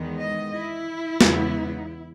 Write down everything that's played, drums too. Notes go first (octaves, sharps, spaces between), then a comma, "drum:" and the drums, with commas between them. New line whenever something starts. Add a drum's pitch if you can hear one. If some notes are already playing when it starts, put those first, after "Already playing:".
Already playing: E2 D#3 G#3 B3
D#5
E4
E2 C#3 G#3 B3, drum: snare